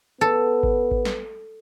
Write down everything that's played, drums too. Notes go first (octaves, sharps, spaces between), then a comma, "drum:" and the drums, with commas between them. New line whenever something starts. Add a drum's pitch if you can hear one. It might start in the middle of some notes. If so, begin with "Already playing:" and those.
B3 A4
drum: kick G#1
drum: kick G#1
drum: snare